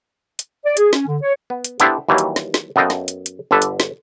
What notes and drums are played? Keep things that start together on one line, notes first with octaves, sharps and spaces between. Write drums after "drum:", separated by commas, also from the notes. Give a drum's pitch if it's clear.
drum: hi-hat
D5
G#4, drum: hi-hat
C#4, drum: snare
D3
C#5
B3
drum: hi-hat
B3 D4 E4 G4 A4 C5, drum: hi-hat
D#2 E3 F#3 G3
drum: hi-hat
drum: snare
drum: snare
F#2 B3 A4 D#5 F5 G5
drum: snare
drum: hi-hat
drum: hi-hat
G1 D3 A4 B4 A5
drum: hi-hat
drum: snare